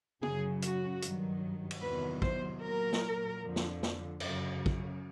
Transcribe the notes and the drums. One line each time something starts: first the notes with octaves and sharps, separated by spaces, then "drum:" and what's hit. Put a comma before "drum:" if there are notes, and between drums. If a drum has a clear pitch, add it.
F#2 C#3 F#3 G#4, drum: tom
F#4, drum: hi-hat
G2 D#3 F#3, drum: hi-hat
drum: cymbal
E2 C3 D#3 F#3 B4
C5, drum: kick
A#2 F#3 A#4
drum: snare
F2 D3 F3
drum: snare
drum: snare
F#2 C#3 F#3, drum: cymbal
drum: kick